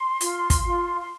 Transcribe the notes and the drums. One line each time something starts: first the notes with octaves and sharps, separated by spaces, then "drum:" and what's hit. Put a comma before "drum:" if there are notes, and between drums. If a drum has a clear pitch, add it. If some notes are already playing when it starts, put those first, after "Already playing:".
Already playing: C6
F4, drum: hi-hat
drum: kick, hi-hat
F4
C6